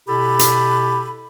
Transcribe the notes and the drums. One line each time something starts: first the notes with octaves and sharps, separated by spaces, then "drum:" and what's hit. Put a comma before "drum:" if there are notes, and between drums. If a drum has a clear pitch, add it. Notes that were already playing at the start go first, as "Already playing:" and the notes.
B2 E4 G4 A4 B5
drum: hi-hat